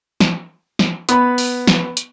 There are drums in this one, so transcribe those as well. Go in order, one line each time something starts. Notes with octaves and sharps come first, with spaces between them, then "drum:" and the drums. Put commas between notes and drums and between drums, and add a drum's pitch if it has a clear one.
drum: snare
drum: snare
B3 B5, drum: hi-hat
drum: open hi-hat
drum: snare
drum: hi-hat